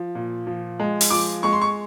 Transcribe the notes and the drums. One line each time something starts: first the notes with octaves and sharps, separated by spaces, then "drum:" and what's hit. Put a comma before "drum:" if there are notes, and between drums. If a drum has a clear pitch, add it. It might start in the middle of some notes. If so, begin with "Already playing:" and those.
Already playing: F3
A#2
F3
G#3
drum: open hi-hat
F3 D6
G#3 C#6
C6
C#6